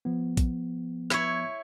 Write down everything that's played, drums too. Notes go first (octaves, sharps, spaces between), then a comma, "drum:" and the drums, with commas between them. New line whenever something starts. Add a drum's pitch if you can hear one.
F3 B3
drum: kick, hi-hat
E4 C#5, drum: snare